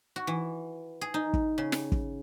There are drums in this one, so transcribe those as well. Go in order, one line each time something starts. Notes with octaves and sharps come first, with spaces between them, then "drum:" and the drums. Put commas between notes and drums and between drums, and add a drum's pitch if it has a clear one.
F#4
E3
G#4
D#4
drum: kick
C#3
drum: snare
drum: kick